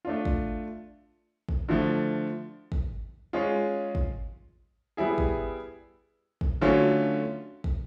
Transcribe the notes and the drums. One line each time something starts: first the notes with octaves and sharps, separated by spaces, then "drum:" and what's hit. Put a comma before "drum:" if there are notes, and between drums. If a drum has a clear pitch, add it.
A3 D4 F4
drum: kick
drum: kick
D3 F3 A3
drum: kick
G#3 C#4 F4 G#4
drum: kick
G3 B3 E4 G#4
drum: kick
drum: kick
D3 F#3 A3 C#4 F4
drum: kick